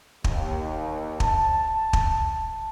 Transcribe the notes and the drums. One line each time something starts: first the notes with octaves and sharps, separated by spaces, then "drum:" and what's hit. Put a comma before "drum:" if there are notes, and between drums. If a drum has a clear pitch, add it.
D#2, drum: kick
A5, drum: kick
drum: kick